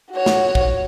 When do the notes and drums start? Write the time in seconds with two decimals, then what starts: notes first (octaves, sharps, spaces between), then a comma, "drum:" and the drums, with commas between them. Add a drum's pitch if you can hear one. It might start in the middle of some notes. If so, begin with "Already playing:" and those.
0.12 F#4 C#5
0.26 drum: snare
0.55 drum: kick